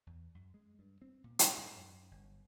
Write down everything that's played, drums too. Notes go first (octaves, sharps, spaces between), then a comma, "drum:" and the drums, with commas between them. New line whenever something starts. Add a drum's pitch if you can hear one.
E2
F#2
G#3
G2
C4
A#2
drum: hi-hat
G#2
F#2
G1